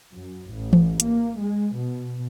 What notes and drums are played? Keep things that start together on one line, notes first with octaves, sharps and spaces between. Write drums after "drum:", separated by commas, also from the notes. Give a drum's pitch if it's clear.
F#2
A1
drum: tom E3
A#3, drum: hi-hat
G#3
B2